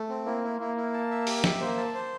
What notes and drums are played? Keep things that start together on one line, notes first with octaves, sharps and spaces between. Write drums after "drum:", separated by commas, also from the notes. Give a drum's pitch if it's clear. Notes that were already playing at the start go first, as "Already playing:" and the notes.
Already playing: A3
C4
A#3 E4
E4
A#3 E4
E4
A5
E5
G4, drum: open hi-hat
E5, drum: snare F3
A#3 C5
A5
C5